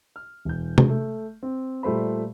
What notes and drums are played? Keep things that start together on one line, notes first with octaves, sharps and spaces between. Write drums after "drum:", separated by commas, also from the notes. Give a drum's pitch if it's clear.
F6
E1 G6
drum: tom C3
A3
C4
A#2 G3 A3 C5 B5